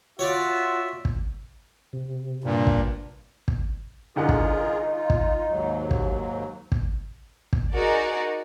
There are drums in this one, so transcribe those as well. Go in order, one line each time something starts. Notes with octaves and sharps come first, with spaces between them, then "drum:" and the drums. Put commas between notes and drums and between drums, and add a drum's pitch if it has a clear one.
F4 F#4 C#5 D5 E5
drum: kick
C3
G2 A#2
drum: kick
drum: kick
C2 D3 D#4 F4 G#4 A#4 F#5
drum: kick
F4
drum: kick
D#2 G#2 F#3
drum: kick
drum: kick
drum: kick
D#4 F#4 G#4 A#4 D5